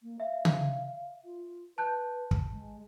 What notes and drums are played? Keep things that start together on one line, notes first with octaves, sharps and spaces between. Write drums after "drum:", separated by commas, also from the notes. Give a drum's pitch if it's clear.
A#3
E5 F5
drum: tom C#3
F4
B4 A5 F#6 G6
drum: kick
G#3